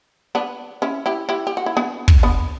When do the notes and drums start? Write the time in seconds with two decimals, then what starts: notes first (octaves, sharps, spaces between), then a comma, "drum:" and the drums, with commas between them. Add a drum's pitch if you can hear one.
0.35 B3 D4
0.82 C#4 E4
1.06 E4 G4
1.29 E4 G4
1.47 G4
1.57 F#4
1.66 E4
1.77 B3 D4
2.08 drum: kick
2.23 B3 D4